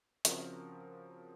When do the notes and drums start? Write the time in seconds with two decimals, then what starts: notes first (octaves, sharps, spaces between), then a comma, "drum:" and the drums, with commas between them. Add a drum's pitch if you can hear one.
0.25 C#3 F3 C4 F#4 A#4, drum: hi-hat